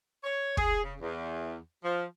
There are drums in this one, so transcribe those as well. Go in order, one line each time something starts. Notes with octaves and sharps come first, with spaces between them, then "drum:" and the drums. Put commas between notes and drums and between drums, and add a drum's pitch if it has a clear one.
C#5
G#4, drum: kick
C#3
E2
F3